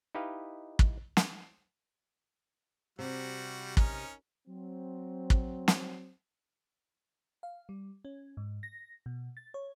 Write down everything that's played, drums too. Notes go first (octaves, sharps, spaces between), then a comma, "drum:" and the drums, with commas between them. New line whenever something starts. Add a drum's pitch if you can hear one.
D#4 E4 G4 B4 D#5 F5
drum: kick
drum: snare
C3 G3 F#4
C#4 D#4 A#4, drum: kick
F#3 C4
drum: kick
drum: snare
F5
G3
C#4
G#2
A#6
B2
A6
C#5